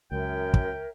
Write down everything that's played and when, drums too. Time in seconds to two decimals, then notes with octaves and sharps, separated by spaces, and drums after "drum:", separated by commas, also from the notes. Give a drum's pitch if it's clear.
0.12 C#2 F#2 A#4 C#5 E5 G5
0.54 drum: kick